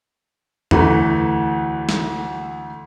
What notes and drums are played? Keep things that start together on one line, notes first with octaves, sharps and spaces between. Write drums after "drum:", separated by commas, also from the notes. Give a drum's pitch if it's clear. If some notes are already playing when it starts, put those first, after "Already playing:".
D2 E3 A3 B4 A#5, drum: tom E2
drum: snare